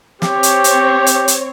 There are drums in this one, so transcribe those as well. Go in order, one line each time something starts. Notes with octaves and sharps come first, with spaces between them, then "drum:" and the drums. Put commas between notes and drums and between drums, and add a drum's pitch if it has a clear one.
C4 G4 C#5, drum: snare
drum: hi-hat
drum: hi-hat
drum: hi-hat
drum: hi-hat